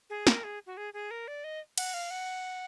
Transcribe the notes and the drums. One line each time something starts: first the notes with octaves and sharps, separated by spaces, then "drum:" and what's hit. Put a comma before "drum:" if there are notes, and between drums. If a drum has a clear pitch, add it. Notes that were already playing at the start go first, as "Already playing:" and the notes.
G#4
A#4, drum: snare
G#4
F#4
G#4
G#4
A#4
D5
D#5
F#5, drum: cymbal
F5
F#5